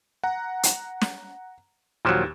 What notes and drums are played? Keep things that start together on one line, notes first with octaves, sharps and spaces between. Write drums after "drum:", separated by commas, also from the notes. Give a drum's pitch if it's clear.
F#5 A#5
drum: hi-hat
drum: snare
D#2 A#2 F3 F#3 G4 E7